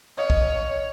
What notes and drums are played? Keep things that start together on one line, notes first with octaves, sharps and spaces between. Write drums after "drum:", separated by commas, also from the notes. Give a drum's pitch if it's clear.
C#5 D#5 F5 D#6
drum: kick